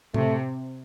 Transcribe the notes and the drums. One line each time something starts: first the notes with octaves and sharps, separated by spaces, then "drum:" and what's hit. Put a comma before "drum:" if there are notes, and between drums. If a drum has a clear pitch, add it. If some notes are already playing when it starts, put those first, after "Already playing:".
C3 A3, drum: tom A2